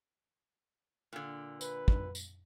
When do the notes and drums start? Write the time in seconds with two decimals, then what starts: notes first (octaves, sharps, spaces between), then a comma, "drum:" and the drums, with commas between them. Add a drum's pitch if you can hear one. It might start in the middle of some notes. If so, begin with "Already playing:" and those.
1.13 A#2 D3
1.61 B4, drum: tambourine
1.88 drum: kick
2.15 drum: tambourine